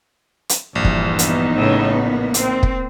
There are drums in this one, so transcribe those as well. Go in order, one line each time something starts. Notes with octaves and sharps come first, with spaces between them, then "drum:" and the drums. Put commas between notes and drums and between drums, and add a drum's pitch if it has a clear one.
drum: hi-hat
A#1 G2 E3
drum: kick
B3 D#4, drum: hi-hat
A2 C#3
A#3
C4, drum: hi-hat
drum: kick